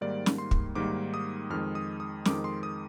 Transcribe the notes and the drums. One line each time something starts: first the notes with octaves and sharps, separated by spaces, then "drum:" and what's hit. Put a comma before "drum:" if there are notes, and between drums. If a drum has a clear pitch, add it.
G#2 D#3 G3 A#3 D5
drum: snare
C6
drum: kick
G#2 D#3 G3 A#3 D6
D#6
F2 D#3 G#3 F6
D#6
D#6
F2 D#3 G#3 D6, drum: snare
C6
D#6